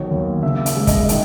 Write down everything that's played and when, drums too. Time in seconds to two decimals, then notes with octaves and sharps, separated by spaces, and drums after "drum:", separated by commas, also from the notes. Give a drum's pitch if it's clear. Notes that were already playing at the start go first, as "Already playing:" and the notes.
Already playing: B1 D#3 C#5
0.11 D#2
0.43 C#3 E5
0.66 E5, drum: hi-hat
0.76 G#3
0.87 D#5, drum: kick, hi-hat
1.09 D#3 D#5, drum: hi-hat